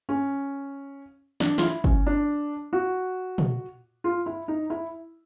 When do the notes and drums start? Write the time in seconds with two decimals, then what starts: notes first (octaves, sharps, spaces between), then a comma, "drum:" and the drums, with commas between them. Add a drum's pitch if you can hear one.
0.09 C#4
1.40 D4, drum: snare
1.58 F4, drum: snare
1.63 E4
1.84 C#4, drum: kick G1
2.07 D4
2.73 F#4
3.38 drum: tom
4.04 F4
4.26 E4
4.48 D#4
4.70 E4